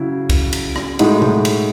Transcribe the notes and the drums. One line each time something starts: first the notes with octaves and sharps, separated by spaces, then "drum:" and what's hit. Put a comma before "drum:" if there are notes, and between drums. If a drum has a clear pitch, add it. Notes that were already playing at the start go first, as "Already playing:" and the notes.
Already playing: C#3 F#3 E4
drum: kick, cymbal
drum: cymbal
drum: rim click
A2 G#3 D#4 F#4, drum: cymbal
drum: tom B2
drum: cymbal